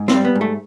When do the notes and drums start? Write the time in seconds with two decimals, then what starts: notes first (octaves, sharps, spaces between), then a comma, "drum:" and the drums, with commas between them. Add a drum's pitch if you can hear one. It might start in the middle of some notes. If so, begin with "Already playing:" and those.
Already playing: G#2
0.08 C4, drum: snare
0.14 G3
0.25 B3
0.35 G#2
0.41 A3